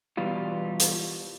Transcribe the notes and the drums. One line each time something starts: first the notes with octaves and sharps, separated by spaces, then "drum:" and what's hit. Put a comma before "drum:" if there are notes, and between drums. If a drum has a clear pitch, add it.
B2 E3 G3 F4
drum: hi-hat